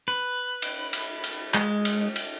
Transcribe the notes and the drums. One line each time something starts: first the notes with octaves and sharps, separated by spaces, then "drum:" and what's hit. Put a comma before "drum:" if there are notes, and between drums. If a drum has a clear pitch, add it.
B4
drum: cymbal
drum: cymbal
drum: cymbal
G#3, drum: clap
drum: cymbal
drum: cymbal